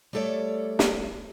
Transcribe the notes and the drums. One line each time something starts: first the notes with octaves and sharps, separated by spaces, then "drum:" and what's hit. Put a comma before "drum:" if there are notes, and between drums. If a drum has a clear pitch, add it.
G3 A3 A4 C#5 D5
drum: snare